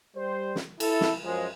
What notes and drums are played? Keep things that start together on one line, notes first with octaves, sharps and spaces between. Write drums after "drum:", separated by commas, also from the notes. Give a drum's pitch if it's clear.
G3 C5
drum: snare
E4 A4, drum: cymbal
drum: snare
F#2 F3 G#3